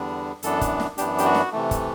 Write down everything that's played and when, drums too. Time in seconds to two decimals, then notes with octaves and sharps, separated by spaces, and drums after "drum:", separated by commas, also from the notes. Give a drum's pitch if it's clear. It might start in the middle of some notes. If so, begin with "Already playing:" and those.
Already playing: E2 D3 G3 B3 D4
0.43 F#2 E3 B3 D4 A4, drum: hi-hat
0.61 drum: kick, hi-hat
0.80 drum: snare
0.98 F#2 E3 B3 D4 G4, drum: hi-hat
1.18 G4, drum: hi-hat
1.25 F#4
1.34 drum: snare
1.52 C3 E3 A3
1.71 drum: kick, hi-hat